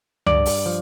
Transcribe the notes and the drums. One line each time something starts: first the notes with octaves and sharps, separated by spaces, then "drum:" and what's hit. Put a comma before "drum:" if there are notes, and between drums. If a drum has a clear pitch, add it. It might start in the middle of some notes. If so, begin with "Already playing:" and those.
G2 D5, drum: tom C#2
drum: open hi-hat
F3